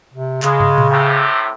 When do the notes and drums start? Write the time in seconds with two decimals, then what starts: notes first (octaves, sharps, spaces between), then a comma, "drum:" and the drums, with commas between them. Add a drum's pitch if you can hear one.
0.14 C3
0.42 C#3 G#3, drum: clap
0.60 drum: tom
0.78 drum: tom A2
0.90 A2 C3